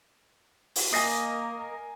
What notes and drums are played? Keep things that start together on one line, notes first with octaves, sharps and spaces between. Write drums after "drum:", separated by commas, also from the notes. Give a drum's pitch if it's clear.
drum: open hi-hat
A#3 A#4 D#5 G#5 A#6 C7